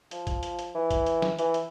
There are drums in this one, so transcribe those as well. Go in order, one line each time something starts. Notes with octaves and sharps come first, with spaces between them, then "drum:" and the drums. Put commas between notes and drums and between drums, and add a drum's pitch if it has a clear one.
F3, drum: hi-hat
drum: kick, hi-hat
drum: hi-hat
drum: hi-hat
E3
drum: kick, hi-hat
drum: hi-hat
drum: snare
E3, drum: hi-hat
drum: hi-hat